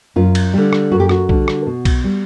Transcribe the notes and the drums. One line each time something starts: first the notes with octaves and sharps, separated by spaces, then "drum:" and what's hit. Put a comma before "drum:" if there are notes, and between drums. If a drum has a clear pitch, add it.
F#2 F4
drum: cymbal
D3 G3
drum: rim click
F#2 F#4
G4
F#4, drum: rim click
D3 G3, drum: kick
drum: rim click
B2
drum: kick, cymbal
G3